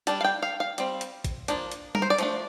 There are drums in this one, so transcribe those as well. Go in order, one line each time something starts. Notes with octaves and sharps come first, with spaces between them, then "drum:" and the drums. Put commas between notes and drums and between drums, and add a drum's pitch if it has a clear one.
G3 D4 A5, drum: hi-hat
F5
G5
F5
F5
G3 C4, drum: hi-hat
drum: hi-hat
drum: kick A1, hi-hat
F3 A#3 D4, drum: hi-hat
drum: hi-hat
A#4, drum: tom G3
C5
D5
F3 A3 D4, drum: hi-hat